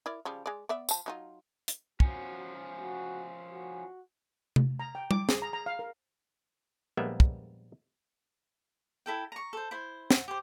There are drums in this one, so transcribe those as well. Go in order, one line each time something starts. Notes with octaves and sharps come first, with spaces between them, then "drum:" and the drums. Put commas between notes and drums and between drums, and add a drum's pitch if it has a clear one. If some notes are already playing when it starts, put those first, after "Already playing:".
E4 A#4 D5
C#3 F3 G3
G#3 D5
B3 D5 E5
F3 A5, drum: tambourine
F#3 D#4 F4
drum: hi-hat
F3 C#4 F#4, drum: kick
F#4
F#4
drum: tom C3
A#5
G5
D6, drum: tom G3
G#4, drum: snare
A#5
A#5
F5
A#4
A#1 G3 G#3 A#3 B3 E5
drum: kick
E4 A4 G5
A#5 C#6
A4 C5
E4 C5
F#5, drum: snare
G4 C5